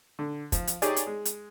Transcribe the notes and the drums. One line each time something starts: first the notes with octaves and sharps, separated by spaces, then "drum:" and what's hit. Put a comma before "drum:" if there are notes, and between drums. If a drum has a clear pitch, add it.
D3
F3, drum: kick, hi-hat
drum: hi-hat
D#4 G4 G#4 C#5 D5, drum: hi-hat
drum: hi-hat
G#3
drum: hi-hat